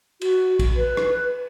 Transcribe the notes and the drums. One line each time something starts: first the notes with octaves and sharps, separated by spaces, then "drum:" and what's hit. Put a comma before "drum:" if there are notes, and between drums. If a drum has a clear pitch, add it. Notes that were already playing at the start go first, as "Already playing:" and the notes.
F#4, drum: cymbal
drum: kick A#1, cymbal
B4
drum: rim click